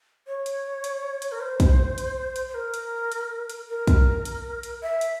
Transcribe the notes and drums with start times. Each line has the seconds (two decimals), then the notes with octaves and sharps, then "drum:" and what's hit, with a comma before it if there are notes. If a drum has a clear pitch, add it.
0.27 C#5
0.46 drum: hi-hat
0.84 drum: hi-hat
1.22 drum: hi-hat
1.32 A#4
1.40 C5
1.60 drum: kick, hi-hat
1.98 drum: hi-hat
2.36 drum: hi-hat
2.48 C5
2.54 A#4
2.74 drum: hi-hat
3.12 drum: hi-hat
3.50 drum: hi-hat
3.69 A#4
3.87 drum: kick, hi-hat
4.25 drum: hi-hat
4.63 drum: hi-hat
4.83 E5
5.01 drum: hi-hat